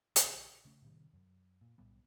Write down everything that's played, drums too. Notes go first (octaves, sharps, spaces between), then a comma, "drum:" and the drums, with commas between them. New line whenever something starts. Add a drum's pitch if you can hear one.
A#1 C#3, drum: hi-hat
C#3 A3 C#4
A2 C3 D#3 G3
F#2
A#2
B1 A2 G3 B3